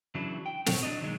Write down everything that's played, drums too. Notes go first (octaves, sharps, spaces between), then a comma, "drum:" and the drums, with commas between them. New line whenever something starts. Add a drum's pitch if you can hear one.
C#3 E3 F#3 D4 E4
G5
C4 C#5, drum: snare
F#3 D4 D#5
B1 D#3 F#3 G#3